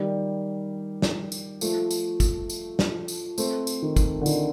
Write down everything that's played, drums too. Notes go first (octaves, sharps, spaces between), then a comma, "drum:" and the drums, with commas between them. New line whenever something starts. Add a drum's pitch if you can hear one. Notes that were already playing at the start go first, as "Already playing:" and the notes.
Already playing: D#3 G3
drum: snare
drum: tambourine
F3 A3, drum: tambourine
drum: tambourine
drum: kick, tambourine
drum: tambourine
drum: snare
drum: tambourine
A3 C4, drum: tambourine
drum: tambourine
D#3
drum: kick, tambourine
D3
D#3, drum: tambourine